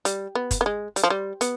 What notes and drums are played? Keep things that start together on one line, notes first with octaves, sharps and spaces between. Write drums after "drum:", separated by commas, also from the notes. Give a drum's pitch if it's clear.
G3, drum: hi-hat
B3
drum: kick, hi-hat
B3
G#3
G3, drum: hi-hat
F3
G3
B3, drum: hi-hat